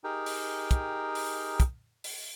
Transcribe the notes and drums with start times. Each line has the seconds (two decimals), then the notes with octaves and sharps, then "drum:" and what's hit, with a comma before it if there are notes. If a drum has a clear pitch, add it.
0.04 D#4 G4 G#4 A#4 G5
0.26 drum: open hi-hat
0.71 drum: kick, hi-hat
1.15 drum: open hi-hat
1.60 drum: kick, hi-hat
2.04 drum: open hi-hat